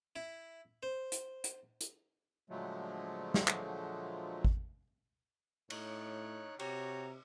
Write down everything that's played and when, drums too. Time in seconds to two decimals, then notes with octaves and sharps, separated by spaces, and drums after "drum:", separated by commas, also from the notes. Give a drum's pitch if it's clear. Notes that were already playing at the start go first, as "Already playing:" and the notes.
0.16 E4
0.83 C5
1.12 drum: hi-hat
1.44 drum: hi-hat
1.81 drum: hi-hat
2.50 A#2 D3 F3 F#3 G#3 A3
3.34 drum: snare
3.48 drum: clap
4.45 drum: kick G#1
5.70 A2 D#4 C#5 F#6, drum: cymbal
6.59 C3 F#4 G4 C#5 A#5, drum: cymbal